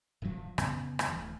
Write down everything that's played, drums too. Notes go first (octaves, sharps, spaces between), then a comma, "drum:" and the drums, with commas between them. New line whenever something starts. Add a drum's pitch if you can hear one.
D#1 F#2 A#2 F3
F2 C#3 B3 C#4, drum: rim click
drum: rim click
D1 D2 E3 A3